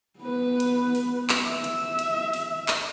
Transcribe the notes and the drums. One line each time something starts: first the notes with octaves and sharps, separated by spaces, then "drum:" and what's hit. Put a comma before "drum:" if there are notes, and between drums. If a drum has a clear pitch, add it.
B3 B4
drum: hi-hat
drum: open hi-hat
drum: clap
E5
drum: hi-hat
drum: hi-hat
drum: open hi-hat
drum: clap